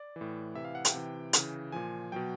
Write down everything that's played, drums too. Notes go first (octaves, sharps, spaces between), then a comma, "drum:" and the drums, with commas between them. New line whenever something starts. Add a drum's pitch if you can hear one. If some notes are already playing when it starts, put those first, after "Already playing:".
Already playing: D5
E3
A2
C3 E3 E5
F5
F#5
G5, drum: hi-hat
C3 E3
C#3 E3, drum: hi-hat
A#2 F3 G#5
B2 F#3 G5